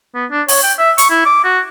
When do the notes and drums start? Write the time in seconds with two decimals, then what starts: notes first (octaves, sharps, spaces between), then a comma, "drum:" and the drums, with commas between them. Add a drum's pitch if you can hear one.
0.15 B3
0.31 D4
0.48 C#5, drum: open hi-hat
0.63 G5
0.78 E5
0.98 C#6, drum: hi-hat
1.10 E4
1.26 D6
1.44 F#4